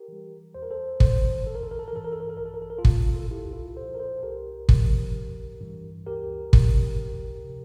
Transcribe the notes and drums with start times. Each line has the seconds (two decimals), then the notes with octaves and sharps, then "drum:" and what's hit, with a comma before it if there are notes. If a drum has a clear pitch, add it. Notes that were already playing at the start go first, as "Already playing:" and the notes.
Already playing: G4 A#4
0.08 E3 G3
0.55 E2 C5
0.62 A#4
0.71 A4 C5
1.00 E3 G3 A4 C5, drum: kick
1.46 G1 A4
1.55 A#4
1.63 A4
1.71 A#4
1.79 A4
1.88 A#4
1.93 G2 E3 A4
2.04 A#4
2.12 A4
2.20 A#4
2.29 A4
2.37 A#1 A#4
2.46 A4
2.54 A#4
2.62 A4
2.70 A#4
2.78 F4 A4
2.85 A#2 G3, drum: kick
3.19 A4
3.30 C2 E4 G4
3.53 F4 A4
3.76 A#2 F3 A4 C5
3.95 A#4
3.99 A4 C5
4.22 C2 G4 A#4
4.69 C3 F3, drum: kick
5.15 G1
5.61 G2 E3 G3
6.06 D2 G4 A#4
6.53 C3 F3, drum: kick
6.98 D2
7.44 C3 F3